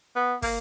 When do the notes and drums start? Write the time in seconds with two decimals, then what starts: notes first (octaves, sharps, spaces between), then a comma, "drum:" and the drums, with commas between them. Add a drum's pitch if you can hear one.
0.16 B3
0.42 A#3, drum: kick, open hi-hat